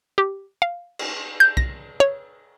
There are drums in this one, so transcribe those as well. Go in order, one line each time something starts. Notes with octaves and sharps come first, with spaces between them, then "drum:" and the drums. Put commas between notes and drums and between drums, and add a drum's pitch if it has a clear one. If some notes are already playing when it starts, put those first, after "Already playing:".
G4
F5
drum: cymbal
G6
A#6, drum: kick
C#5